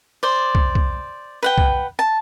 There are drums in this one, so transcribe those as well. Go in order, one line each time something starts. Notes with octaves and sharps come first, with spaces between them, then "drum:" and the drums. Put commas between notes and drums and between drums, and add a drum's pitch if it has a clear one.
C5 D5
drum: kick
drum: kick
B4 F#5 G5
drum: kick
A5